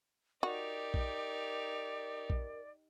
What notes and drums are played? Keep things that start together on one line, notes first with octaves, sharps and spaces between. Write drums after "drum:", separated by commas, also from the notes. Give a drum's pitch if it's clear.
D#4 F#4 G4 A#4 D5
drum: kick A#1
drum: kick A#1